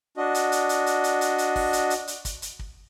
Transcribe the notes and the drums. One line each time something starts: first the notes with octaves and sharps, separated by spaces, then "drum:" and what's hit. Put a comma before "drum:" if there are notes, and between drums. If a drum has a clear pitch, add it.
D4 F#4 D#5
drum: hi-hat
drum: hi-hat
drum: hi-hat
drum: hi-hat
drum: hi-hat
drum: hi-hat
drum: hi-hat
drum: kick, open hi-hat
drum: hi-hat
drum: hi-hat
drum: hi-hat
drum: kick, hi-hat
drum: hi-hat
drum: kick